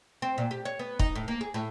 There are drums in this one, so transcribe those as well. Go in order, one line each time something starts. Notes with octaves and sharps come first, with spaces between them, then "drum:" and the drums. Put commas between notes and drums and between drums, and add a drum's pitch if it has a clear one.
C4
A#2
G4
C#5
B3
D#4, drum: kick
A2
A#3
G#4
A2